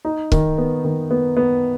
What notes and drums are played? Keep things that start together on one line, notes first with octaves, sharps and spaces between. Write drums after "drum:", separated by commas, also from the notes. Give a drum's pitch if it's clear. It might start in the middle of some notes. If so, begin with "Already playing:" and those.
D#4
D#3, drum: kick
B3
D#3
B3
B3